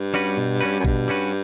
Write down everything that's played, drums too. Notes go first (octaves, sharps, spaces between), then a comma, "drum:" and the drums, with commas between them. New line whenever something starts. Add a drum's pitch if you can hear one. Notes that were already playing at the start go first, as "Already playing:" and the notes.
Already playing: G2
G3 C#4 F#4 B4
B2
G3 C#4 F#4 B4
F#2
G2 B2, drum: kick A1
G3 C#4 F#4 B4